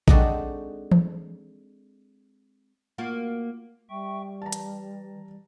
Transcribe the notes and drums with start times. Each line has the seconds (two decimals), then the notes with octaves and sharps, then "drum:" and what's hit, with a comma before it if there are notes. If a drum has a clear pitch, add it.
0.08 G#3 C4 D4 D#4 F#4 A4, drum: kick A#1
0.92 drum: tom E3
2.98 A#3 F4 F#4
3.89 G3 E5 G5 C#6
4.42 E3 A5 A#5
4.52 drum: hi-hat